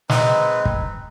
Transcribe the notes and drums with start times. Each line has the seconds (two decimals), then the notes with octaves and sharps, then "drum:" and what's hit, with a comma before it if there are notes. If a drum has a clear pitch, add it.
0.10 G#3 C4 D#4 B4, drum: snare
0.65 drum: kick